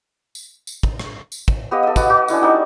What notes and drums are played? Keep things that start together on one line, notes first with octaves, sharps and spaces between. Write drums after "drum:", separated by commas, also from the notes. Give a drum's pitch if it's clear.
drum: tambourine
drum: tambourine
drum: kick
drum: rim click
drum: tambourine
drum: kick
B3 G4 D#5 F5
A4 D#5
B3 F#4 F5, drum: kick, tambourine
F#4
C#4 D4 E4 F#5, drum: tambourine
G3 D#4 D5 C#6